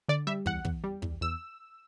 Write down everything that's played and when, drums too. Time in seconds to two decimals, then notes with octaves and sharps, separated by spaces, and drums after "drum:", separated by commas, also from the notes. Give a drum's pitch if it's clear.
0.09 D3 D5
0.27 G3 E5
0.46 E2 F#5, drum: kick
0.65 E2, drum: kick
0.84 G3
1.02 E2, drum: kick
1.21 E2 E6